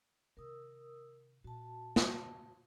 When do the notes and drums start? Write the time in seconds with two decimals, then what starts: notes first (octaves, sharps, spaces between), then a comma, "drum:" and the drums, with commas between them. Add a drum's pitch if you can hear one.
0.37 C3 D#3 A#4 D#6 E6
1.44 A#2 F#4 A5
1.96 drum: snare